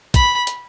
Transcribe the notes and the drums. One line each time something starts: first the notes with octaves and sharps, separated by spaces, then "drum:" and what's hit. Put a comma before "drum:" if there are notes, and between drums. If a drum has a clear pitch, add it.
B5, drum: kick, hi-hat
drum: hi-hat